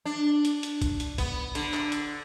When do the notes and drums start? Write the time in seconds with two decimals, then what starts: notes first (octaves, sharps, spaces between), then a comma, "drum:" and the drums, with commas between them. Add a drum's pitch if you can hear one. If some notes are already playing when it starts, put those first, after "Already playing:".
0.05 D4
0.45 drum: hi-hat
0.63 drum: hi-hat
0.82 drum: kick, hi-hat
1.00 drum: hi-hat
1.18 B3, drum: kick, hi-hat
1.55 D3, drum: hi-hat
1.74 drum: clap
1.92 drum: hi-hat